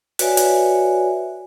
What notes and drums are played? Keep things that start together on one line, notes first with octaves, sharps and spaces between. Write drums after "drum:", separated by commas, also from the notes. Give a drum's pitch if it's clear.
F#4 B4 C#5 D5 E5 G#5, drum: hi-hat
drum: hi-hat